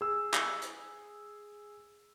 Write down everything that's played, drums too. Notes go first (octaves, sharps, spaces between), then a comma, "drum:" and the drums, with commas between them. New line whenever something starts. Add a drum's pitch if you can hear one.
G#4 E6
drum: clap
drum: hi-hat